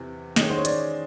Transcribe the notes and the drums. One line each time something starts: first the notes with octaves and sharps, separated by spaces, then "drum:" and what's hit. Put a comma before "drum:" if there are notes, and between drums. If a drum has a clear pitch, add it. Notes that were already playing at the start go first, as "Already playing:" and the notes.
Already playing: E2 C3 E3
D#3 G#3 C#4 D#5, drum: snare
C5
C#5
D5, drum: hi-hat